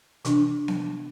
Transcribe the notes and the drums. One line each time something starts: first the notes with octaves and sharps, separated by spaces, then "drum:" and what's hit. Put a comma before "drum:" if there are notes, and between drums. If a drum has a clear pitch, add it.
C3 E3 D4, drum: hi-hat
drum: snare B3